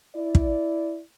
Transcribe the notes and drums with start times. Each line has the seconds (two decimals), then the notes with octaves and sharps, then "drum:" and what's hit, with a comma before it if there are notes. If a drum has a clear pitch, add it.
0.16 E4 D5
0.35 drum: kick